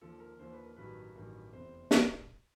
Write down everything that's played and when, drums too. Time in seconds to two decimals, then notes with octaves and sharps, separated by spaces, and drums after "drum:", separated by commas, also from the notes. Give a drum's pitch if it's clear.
0.01 D#2 D3 F3 A4
0.20 A#4
0.39 D#2 D3 F3 C5
0.52 B4
0.64 A#4
0.77 A1 G2 D#3 F#3 B4
1.15 A1 G2 D#3 F#3
1.53 F1 E2 C3 C5
1.91 drum: snare